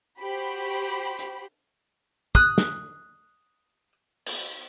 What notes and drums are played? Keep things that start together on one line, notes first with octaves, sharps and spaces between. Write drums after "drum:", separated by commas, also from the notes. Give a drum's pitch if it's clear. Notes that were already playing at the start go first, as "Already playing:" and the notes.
F#4 G4 C5 B5
drum: hi-hat
D#6 F#6, drum: kick
drum: snare
drum: cymbal